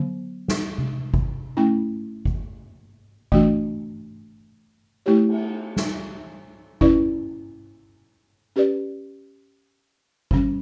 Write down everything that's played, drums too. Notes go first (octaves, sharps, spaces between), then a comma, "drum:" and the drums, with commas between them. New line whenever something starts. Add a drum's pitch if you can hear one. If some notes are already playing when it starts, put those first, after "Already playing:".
Already playing: D3 F#3 B3
drum: snare
drum: tom C3
drum: kick G1
A3 C#4 E4
drum: kick G1
E3 A3 D4 F#4, drum: kick G1
A3 E4 G4 C#5
drum: cymbal
drum: snare
C#4 E4 B4 D5, drum: kick G1
C#4 G4 B4 D5
D3 G3 C#4, drum: kick G1